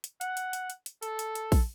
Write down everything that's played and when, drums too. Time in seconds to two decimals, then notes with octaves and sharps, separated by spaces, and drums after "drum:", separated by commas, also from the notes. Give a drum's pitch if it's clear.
0.04 drum: hi-hat
0.21 F#5, drum: hi-hat
0.37 drum: hi-hat
0.53 drum: hi-hat
0.70 drum: hi-hat
0.86 drum: hi-hat
1.03 A4, drum: hi-hat
1.19 drum: hi-hat
1.35 drum: hi-hat
1.52 drum: kick, open hi-hat